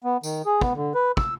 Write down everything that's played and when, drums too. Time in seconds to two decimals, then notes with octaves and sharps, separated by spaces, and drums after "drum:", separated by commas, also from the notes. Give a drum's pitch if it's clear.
0.04 B3
0.23 D#3, drum: tambourine
0.46 G#4
0.61 B3, drum: kick
0.75 D3
0.95 B4
1.17 E6, drum: kick